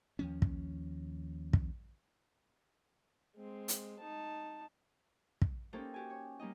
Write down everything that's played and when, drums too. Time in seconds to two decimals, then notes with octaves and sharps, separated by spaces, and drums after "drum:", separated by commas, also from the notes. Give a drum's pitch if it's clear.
0.19 D#2 F3 C#4
0.42 drum: kick
1.53 drum: kick
3.36 G#3 C4
3.68 drum: hi-hat
3.99 D#4 A5
5.42 drum: kick
5.73 A#3 C#4 D#4 G4 A4 C5
5.94 F#4 G4 G#5
6.10 C#5
6.39 G3 A#3 D#4 D#5